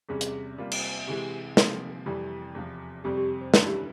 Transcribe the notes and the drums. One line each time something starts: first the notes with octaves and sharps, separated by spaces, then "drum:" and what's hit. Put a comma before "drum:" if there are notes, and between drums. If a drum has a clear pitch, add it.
E2 C3 G3 C#4 G#4
drum: hi-hat
C3 G3 A#3 F4
drum: cymbal
C3 E3 G#3 G4
C3 F3 A#3, drum: snare
F2 C3 E3 G3 G4
E2 C3 F3
F2 C3 G3 C4 G4
G4
C5
G2 E3 G3 C#4 E4 F4, drum: snare
G4